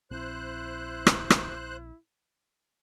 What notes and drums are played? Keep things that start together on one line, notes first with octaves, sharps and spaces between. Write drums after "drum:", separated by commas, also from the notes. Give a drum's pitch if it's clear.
A#1 C4 E4 C5 F#6
drum: rim click
drum: rim click